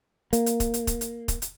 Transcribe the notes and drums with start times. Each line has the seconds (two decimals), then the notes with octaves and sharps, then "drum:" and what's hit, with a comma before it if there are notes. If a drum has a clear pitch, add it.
0.33 A#3, drum: hi-hat
0.46 drum: hi-hat
0.60 drum: kick D#1, hi-hat
0.74 drum: hi-hat
0.87 drum: kick D#1, hi-hat
1.01 drum: hi-hat
1.28 drum: kick D#1, hi-hat
1.42 drum: hi-hat